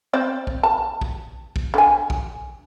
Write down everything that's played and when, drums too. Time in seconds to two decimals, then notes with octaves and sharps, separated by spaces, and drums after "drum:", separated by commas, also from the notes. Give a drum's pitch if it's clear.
0.13 C4 C5 D5
0.47 drum: kick
0.63 A5
1.01 drum: kick
1.56 drum: kick
1.74 D3 G#5
2.10 drum: kick